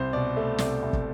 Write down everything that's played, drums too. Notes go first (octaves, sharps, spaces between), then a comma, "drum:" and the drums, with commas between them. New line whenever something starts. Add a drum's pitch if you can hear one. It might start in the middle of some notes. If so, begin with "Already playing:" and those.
Already playing: C2 C5
B2 D5
A3
C2 D5, drum: snare
C2
drum: kick